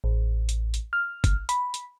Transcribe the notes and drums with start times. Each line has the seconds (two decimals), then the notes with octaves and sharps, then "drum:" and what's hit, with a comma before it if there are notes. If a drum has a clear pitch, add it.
0.04 A1
0.49 drum: hi-hat
0.74 drum: hi-hat
0.93 F6
1.24 drum: kick, hi-hat
1.49 B5, drum: hi-hat
1.74 drum: hi-hat